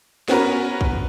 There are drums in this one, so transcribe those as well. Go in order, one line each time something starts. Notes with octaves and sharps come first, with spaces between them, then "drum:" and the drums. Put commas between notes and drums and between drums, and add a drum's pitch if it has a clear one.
B3 C#4 F#4 A#4 B4, drum: snare
drum: kick